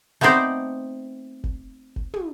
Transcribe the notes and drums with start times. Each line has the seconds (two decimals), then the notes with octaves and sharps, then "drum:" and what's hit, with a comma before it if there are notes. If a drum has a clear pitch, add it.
0.21 A3 B3 C4 D#4 C5 D5
1.44 drum: kick F#1
1.96 drum: kick F#1
2.14 drum: tom